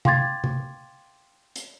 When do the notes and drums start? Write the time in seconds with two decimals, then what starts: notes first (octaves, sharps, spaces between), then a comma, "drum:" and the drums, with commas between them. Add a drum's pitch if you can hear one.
0.05 F5 G5 C6 D6 G#6 A6, drum: tom
0.44 drum: tom
1.56 drum: hi-hat